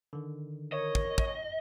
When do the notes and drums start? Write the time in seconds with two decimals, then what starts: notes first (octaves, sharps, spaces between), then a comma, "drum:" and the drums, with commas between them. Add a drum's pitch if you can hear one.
0.13 D3 D#3
0.72 A#4 C#5 D#5
0.95 drum: kick
1.18 drum: kick